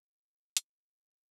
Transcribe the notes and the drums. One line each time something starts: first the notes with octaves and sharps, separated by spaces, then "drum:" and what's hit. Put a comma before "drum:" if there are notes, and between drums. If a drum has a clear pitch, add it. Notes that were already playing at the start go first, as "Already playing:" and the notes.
G3 D4 E4
drum: hi-hat